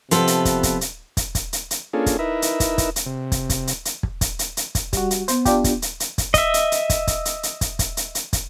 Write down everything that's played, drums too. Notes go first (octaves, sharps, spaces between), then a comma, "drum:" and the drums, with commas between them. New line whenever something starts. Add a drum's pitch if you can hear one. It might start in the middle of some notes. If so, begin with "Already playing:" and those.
C3 F3 B3 A4, drum: hi-hat
drum: hi-hat
drum: kick, hi-hat
drum: kick, hi-hat
drum: hi-hat
drum: kick, hi-hat
drum: kick, hi-hat
drum: hi-hat
drum: hi-hat
A#3 C#4 D4 F4 G#4 A4
drum: kick, hi-hat
D#4 E4 A#4 B4 E5
drum: hi-hat
drum: kick, hi-hat
drum: kick, hi-hat
drum: hi-hat
C3
drum: kick, hi-hat
drum: kick, hi-hat
drum: hi-hat
drum: hi-hat
drum: kick
drum: kick, hi-hat
drum: hi-hat
drum: hi-hat
drum: kick, hi-hat
G3 F#4, drum: kick, hi-hat
drum: hi-hat
B3 C5, drum: hi-hat
D4 F4 G4, drum: kick, hi-hat
drum: kick, hi-hat
drum: hi-hat
drum: hi-hat
drum: kick, hi-hat
D#5 E5, drum: kick, hi-hat
drum: hi-hat
drum: hi-hat
drum: kick, hi-hat
drum: kick, hi-hat
drum: hi-hat
drum: hi-hat
drum: kick, hi-hat
drum: kick, hi-hat
drum: hi-hat
drum: hi-hat
drum: kick, hi-hat